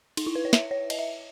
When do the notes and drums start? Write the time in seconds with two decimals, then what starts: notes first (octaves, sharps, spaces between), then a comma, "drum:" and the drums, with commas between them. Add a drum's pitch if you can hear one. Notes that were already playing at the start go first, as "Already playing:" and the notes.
0.17 D#4, drum: cymbal
0.26 E4
0.35 B4
0.45 C#5
0.53 E5, drum: snare
0.71 C#5
0.90 D#5, drum: cymbal
0.99 E5